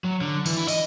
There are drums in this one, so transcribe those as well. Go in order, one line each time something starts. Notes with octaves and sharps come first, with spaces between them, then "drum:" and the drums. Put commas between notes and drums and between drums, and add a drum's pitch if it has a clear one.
F#3
D3
E3, drum: tambourine
E4
D#5, drum: tambourine